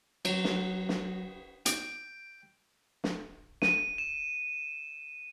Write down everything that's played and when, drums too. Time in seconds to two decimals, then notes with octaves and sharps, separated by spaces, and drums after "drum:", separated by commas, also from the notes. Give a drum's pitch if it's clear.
0.25 F#3, drum: cymbal
0.44 drum: snare
0.89 drum: snare
1.66 G5, drum: hi-hat
3.04 drum: snare
3.62 D#7, drum: snare
3.98 E7